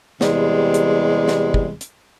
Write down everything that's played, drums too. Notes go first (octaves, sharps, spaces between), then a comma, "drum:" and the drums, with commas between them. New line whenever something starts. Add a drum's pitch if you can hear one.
E2 C3 G3 G#3, drum: snare
drum: hi-hat
drum: snare
drum: kick
drum: hi-hat